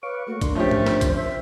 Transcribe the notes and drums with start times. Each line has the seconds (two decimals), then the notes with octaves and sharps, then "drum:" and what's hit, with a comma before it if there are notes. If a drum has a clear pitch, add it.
0.03 B4 C#5 F5 C#6 D6
0.27 A3 A#3 F#4
0.41 D4 A#4 D5 C6, drum: kick A1, hi-hat
0.55 F3 A3 C#4 G4 C5
0.71 drum: tom G#2
0.86 drum: snare
1.01 drum: kick A1, hi-hat
1.16 E5